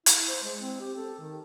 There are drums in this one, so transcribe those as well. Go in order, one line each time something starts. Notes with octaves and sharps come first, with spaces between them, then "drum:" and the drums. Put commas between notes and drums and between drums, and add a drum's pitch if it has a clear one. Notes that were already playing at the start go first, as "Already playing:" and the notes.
E4, drum: hi-hat
C5
G#3
C4
G4
A4
D#3